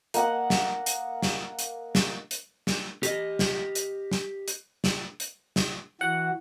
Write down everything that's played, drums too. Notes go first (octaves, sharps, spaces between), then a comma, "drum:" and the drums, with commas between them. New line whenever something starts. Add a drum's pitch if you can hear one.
A#3 D#5 F#5, drum: hi-hat
drum: snare
drum: hi-hat
drum: snare
drum: hi-hat
drum: snare
drum: hi-hat
drum: snare
G4 D#5, drum: hi-hat
drum: snare
drum: hi-hat
drum: snare
drum: hi-hat
drum: snare
drum: hi-hat
drum: snare
E3 F#4 F#5